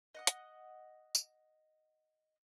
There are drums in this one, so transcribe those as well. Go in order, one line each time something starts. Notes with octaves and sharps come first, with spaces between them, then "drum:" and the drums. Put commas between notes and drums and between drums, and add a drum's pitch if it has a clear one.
D#5 F#5 D#6
drum: hi-hat
drum: tambourine